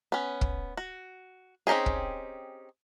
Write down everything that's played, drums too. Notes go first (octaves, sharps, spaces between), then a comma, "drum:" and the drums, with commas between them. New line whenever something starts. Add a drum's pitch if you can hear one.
B3 C#4
drum: kick
F#4
C4 C#4 D#4 G4 G#4
drum: kick